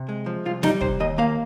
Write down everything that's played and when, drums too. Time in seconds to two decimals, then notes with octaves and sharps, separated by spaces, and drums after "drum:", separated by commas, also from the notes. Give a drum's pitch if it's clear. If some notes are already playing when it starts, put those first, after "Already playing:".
Already playing: C3
0.09 G#3
0.26 F3
0.45 C2 F4
0.63 G3 D#4, drum: snare
0.81 C3 C5, drum: kick
1.00 D#2 D#5
1.18 A#3 F5